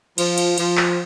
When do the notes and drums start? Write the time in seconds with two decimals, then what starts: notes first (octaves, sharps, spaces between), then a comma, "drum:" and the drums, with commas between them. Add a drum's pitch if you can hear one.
0.18 F3, drum: cymbal
0.38 drum: cymbal
0.58 F3, drum: cymbal
0.77 drum: clap